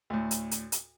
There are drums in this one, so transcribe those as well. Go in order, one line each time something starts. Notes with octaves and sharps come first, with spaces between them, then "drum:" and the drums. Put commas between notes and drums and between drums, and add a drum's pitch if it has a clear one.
D2 A2
drum: hi-hat
drum: hi-hat
drum: hi-hat